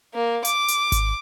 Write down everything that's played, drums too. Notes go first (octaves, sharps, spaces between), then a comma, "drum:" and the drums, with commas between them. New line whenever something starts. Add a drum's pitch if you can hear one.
A#3
D6, drum: hi-hat
drum: hi-hat
drum: kick G#1, hi-hat